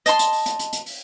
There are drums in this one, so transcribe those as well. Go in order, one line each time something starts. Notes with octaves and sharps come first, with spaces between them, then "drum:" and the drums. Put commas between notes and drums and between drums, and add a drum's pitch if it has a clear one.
D#5 A5 C6, drum: hi-hat
drum: hi-hat
drum: open hi-hat
drum: hi-hat
drum: hi-hat
drum: hi-hat
drum: open hi-hat